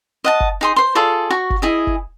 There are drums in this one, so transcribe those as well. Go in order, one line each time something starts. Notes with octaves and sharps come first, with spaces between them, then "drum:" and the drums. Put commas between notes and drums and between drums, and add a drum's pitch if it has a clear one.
D#5 F#5 A5
drum: kick
D#4 G#4 C6
C5 C6
F4 G#4 A4 D5
F#4 C#6
drum: kick
E4 G#4 D#5
drum: kick